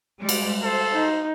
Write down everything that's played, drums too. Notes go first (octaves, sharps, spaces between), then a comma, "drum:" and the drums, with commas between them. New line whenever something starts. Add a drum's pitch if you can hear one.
G3 G#3
drum: cymbal
A4 C5
D#4